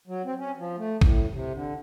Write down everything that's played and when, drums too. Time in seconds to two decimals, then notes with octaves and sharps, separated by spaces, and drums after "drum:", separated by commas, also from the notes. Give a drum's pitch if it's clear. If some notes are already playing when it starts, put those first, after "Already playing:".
0.07 F#3
0.25 C4
0.39 C#4
0.58 F3
0.78 A3
1.01 A2, drum: kick
1.31 C3
1.54 D3